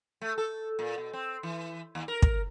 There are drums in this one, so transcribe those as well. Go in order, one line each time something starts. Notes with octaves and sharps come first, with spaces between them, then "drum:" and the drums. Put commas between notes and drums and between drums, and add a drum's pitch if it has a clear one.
A3
A4
A#2
B2
C4
E3
D#2
A#4
drum: kick